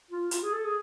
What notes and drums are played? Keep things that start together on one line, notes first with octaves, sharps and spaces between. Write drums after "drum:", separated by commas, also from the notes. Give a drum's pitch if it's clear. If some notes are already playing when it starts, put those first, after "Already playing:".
F4
F4, drum: hi-hat
G#4
A4
G#4